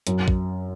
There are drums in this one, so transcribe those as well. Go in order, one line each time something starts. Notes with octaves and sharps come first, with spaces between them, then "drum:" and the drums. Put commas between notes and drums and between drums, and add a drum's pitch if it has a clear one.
F#2, drum: hi-hat
drum: kick